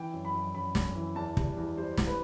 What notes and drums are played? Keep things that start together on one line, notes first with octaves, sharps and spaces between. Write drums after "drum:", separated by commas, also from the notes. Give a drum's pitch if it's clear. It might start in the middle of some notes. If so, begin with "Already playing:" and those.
Already playing: E3 G5
F#2
B5
F#2
F#2 B5
F#2, drum: snare
E3
E2 A5
G3, drum: kick
E2
G3 C5
E2, drum: snare
B4